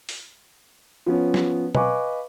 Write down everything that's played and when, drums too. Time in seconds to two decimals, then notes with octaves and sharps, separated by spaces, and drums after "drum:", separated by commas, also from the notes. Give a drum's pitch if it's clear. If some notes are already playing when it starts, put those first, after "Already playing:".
0.09 drum: open hi-hat
1.06 F3 B3 C#4
1.34 drum: snare
1.75 B4 D#5 F5 G#5 C#6 D6, drum: tom B2